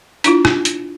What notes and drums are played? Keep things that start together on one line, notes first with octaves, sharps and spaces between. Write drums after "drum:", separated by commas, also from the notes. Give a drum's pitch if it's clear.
D4 E4 F4, drum: hi-hat
drum: rim click
drum: hi-hat